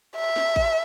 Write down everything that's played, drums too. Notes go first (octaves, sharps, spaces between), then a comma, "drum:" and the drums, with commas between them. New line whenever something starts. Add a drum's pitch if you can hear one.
E5
drum: snare
drum: kick A1